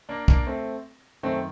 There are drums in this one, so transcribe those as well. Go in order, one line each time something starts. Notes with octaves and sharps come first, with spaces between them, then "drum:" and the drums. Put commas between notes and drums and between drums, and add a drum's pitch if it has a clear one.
A#3 D4
A#3 D4, drum: kick
A3 C4
F#2 D#3 A3 C4